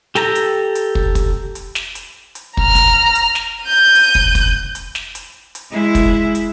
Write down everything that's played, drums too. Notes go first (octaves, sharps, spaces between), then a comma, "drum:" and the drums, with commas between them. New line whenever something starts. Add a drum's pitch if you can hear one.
G4 A4 A#5, drum: snare
drum: hi-hat
drum: hi-hat
drum: kick
drum: kick, hi-hat
drum: hi-hat
drum: snare
drum: hi-hat
drum: hi-hat
A#5 F6, drum: kick
drum: kick, hi-hat
drum: hi-hat
drum: snare
G6 D#7
drum: hi-hat
drum: kick
drum: kick, hi-hat
drum: hi-hat
drum: snare
drum: hi-hat
drum: hi-hat
G#3 E4
drum: kick, hi-hat
drum: hi-hat